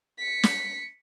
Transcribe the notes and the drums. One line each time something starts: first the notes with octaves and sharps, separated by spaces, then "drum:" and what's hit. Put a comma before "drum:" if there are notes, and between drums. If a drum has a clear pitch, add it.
B6 C#7
drum: snare